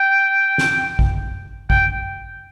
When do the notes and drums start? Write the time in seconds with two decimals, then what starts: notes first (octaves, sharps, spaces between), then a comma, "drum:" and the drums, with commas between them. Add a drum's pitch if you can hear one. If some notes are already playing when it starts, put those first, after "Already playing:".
Already playing: G5
0.58 drum: snare
0.99 drum: kick
1.70 G5, drum: kick